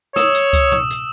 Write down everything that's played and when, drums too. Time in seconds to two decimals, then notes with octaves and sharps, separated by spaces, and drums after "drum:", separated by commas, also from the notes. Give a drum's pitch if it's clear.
0.16 C#5 D#6 E6 E7, drum: snare
0.35 drum: hi-hat
0.53 drum: kick C#2, hi-hat
0.72 drum: tom A2
0.90 drum: hi-hat